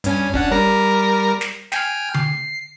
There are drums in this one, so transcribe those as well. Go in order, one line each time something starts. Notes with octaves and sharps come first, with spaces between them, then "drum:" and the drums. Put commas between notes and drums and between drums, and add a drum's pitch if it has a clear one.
G2 C#4 G#5, drum: hi-hat
C#4 D4 F#5, drum: kick
G3 A#4 A#6
drum: snare
G5 G#5 F6, drum: snare
C7, drum: tom D3